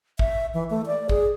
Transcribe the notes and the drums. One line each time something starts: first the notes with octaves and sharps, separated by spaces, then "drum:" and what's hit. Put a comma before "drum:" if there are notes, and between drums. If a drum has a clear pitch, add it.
E5, drum: kick
E3
A3
D5
G#4, drum: kick